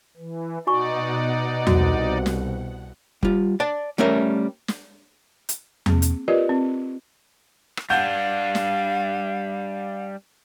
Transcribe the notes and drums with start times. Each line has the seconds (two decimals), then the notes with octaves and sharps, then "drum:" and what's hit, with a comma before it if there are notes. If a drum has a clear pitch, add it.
0.17 E3
0.67 B2 D#4 F#4 D5 F#5 G#5 C#6
1.67 C2 F#4, drum: tom E2
2.26 drum: snare
3.23 G3 F4, drum: kick F#1
3.60 D5 A5
3.98 G3 A3 C#4 A#4 E5
4.68 drum: snare
5.49 drum: hi-hat
5.86 A#3 C4 G#4, drum: tom E2
6.02 drum: hi-hat
6.28 F4 G4 A#4 B4 D5 D#5
6.49 C4
7.77 drum: rim click
7.90 G3 D4 F5 F#5 G6
8.55 drum: snare